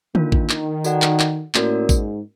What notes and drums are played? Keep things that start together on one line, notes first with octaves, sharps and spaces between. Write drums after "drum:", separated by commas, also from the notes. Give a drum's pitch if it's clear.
D#3 A#3 D4 F4, drum: tom D3
drum: kick A1
D#3, drum: clap
F#4 A4 D5 F#5, drum: tambourine
drum: clap
drum: clap
A2 A#3 C#4 F#4 A#4 D5, drum: clap
G#2, drum: kick A1, tambourine